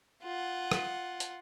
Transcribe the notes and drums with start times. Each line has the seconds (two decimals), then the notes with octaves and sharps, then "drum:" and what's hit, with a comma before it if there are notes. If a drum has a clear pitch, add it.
0.23 F4 F#5
0.71 drum: rim click
1.20 drum: hi-hat